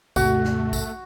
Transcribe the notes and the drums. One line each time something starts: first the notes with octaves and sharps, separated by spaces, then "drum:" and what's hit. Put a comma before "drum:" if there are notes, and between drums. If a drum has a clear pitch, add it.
D#2 G#2 C3 A3 F#4, drum: kick A#1, tambourine
drum: snare
drum: kick A#1, tambourine